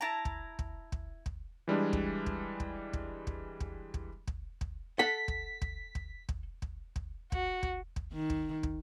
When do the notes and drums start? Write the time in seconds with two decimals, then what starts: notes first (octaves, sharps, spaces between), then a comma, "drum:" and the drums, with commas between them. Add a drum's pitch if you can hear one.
0.01 E4 A5 A#5
0.25 drum: kick
0.59 drum: kick
0.92 drum: kick
1.26 drum: kick
1.68 E3 G3 G#3 D4
1.93 drum: kick
2.26 drum: kick
2.60 drum: kick
2.93 drum: kick
3.27 drum: kick
3.60 drum: kick
3.94 drum: kick
4.27 drum: kick
4.61 drum: kick
4.99 A4 F#5 B6
5.28 drum: kick
5.62 drum: kick
5.95 drum: kick
6.29 drum: kick
6.62 drum: kick
6.96 drum: kick
7.32 F#4, drum: kick
7.63 drum: kick
7.96 drum: kick
8.13 D#3
8.30 drum: kick
8.63 drum: kick